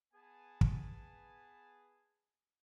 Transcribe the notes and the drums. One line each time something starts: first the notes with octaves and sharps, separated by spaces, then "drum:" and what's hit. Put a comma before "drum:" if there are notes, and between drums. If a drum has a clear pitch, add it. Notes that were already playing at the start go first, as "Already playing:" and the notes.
B3 G#4 B4 G#5 A5
drum: kick